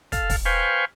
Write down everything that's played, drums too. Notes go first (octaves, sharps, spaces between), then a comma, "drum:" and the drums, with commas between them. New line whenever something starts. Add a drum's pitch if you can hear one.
A4 F5, drum: kick, hi-hat
drum: kick, open hi-hat
B4 C5 F5 G5 G#5 C#6